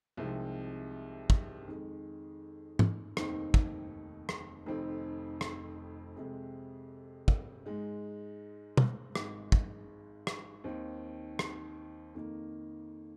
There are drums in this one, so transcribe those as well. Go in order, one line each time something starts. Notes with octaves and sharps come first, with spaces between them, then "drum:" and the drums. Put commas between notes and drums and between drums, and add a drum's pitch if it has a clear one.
C2 C3 F3 G#3 D#4
drum: kick
F2 D#3 G#3
drum: tom G#2
F1 D#2 D#3 C4 D#4, drum: rim click
drum: kick
drum: rim click
F1 F2 D#3 C4 D#4
drum: rim click
F2 C3 G#3
drum: kick
G#2 G#3 D#4
drum: tom
G#1 G#2 G#3, drum: rim click
drum: kick
drum: rim click
D#2 D#3 C4 D#4
drum: rim click
F2 D#3 A#3 D#4